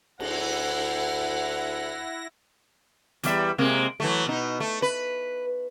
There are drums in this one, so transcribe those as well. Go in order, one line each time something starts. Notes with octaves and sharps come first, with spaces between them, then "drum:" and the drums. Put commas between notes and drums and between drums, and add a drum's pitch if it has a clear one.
D2 E4 F#5 A#6, drum: cymbal
E2 G3 E5, drum: hi-hat
C3 G#3 A#3
E3 F#3 A3
B2 D#4
A3
B4